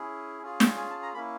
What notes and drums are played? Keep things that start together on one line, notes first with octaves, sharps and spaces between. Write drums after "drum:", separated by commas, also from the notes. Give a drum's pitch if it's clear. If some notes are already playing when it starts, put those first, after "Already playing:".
Already playing: C#4 E4 G#4
C#4 F4 G#4
drum: snare
G#5
A5
A#5
A#3 C#4 E4 B5